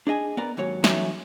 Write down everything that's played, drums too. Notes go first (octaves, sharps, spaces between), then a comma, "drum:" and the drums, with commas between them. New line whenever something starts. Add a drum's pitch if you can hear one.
D4 G#4 D#5 G#5
B3 A#4 D5 A#5
D#2 G#2 F#3 C#5
E3 F#3 A3 C#4 D#4 E5, drum: snare